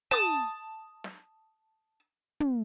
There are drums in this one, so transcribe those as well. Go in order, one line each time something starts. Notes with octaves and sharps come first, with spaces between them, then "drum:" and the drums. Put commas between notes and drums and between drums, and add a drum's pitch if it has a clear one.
A5 D#6, drum: tom
drum: snare
drum: tom